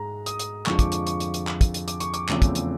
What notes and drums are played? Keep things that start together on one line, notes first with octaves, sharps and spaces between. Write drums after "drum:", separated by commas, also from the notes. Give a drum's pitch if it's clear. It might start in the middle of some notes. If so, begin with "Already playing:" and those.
Already playing: G#2 G#3 A#5
D#6, drum: hi-hat
drum: hi-hat
F2 D3 F3 G#3 C#6, drum: clap
D6, drum: kick, hi-hat
C#6, drum: hi-hat
C#6, drum: hi-hat
drum: hi-hat
drum: hi-hat
drum: clap
drum: kick, hi-hat
drum: hi-hat
D6, drum: hi-hat
C#6, drum: hi-hat
D6, drum: hi-hat
E2 C#3 F3 A3 C4, drum: clap
drum: kick, hi-hat
drum: hi-hat